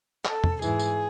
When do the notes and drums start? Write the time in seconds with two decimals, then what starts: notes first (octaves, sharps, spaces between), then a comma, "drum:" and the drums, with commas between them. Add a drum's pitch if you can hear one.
0.25 A4, drum: clap
0.44 drum: tom
0.62 G#2 E3 G#4, drum: tambourine
0.79 drum: tambourine